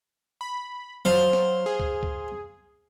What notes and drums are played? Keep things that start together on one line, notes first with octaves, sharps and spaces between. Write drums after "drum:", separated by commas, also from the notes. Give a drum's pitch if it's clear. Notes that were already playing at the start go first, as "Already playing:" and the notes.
B5
F#3 C5 F5
drum: snare
G#4
drum: kick
drum: kick